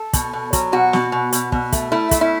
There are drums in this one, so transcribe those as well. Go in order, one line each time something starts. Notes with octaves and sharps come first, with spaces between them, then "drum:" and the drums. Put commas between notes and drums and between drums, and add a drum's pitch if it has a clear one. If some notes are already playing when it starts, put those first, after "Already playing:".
Already playing: A4
B2, drum: kick, hi-hat
B2
F#3, drum: kick, hi-hat
B2 F#4
B2, drum: snare
B2
B2, drum: hi-hat
B2, drum: kick
A3, drum: kick, hi-hat
A3 E4
A3, drum: kick, hi-hat
E4